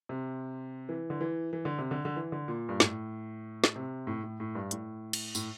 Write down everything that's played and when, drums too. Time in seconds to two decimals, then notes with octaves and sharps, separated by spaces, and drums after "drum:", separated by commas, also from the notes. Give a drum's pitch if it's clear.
0.09 C3
0.89 E3
1.10 D3
1.21 E3
1.53 E3
1.65 D3
1.79 C3
1.91 D3
2.05 D3
2.16 E3
2.32 D3
2.48 A#2
2.69 G2
2.80 A2, drum: snare
3.64 drum: snare
3.76 C3
4.07 A2
4.23 A2
4.40 A2
4.55 G2
4.71 A2, drum: hi-hat
5.13 drum: cymbal
5.35 A2, drum: tambourine